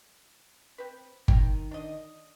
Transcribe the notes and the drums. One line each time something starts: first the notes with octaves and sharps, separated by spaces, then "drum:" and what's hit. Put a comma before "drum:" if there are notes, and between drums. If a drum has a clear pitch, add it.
C4 B4
D#3 G5 A#5, drum: kick G1
D4 D#5